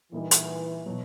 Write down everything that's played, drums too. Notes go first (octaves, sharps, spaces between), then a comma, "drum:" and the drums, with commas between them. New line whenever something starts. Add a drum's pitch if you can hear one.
A#2 E3 G3 A#3 D#4
drum: hi-hat
B2 F#3